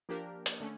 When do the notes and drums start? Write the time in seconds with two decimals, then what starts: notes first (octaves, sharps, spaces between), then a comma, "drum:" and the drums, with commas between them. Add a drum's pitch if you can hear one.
0.09 F3 A#3 D4 G4 A#4
0.46 drum: hi-hat
0.60 D3 A3 C#4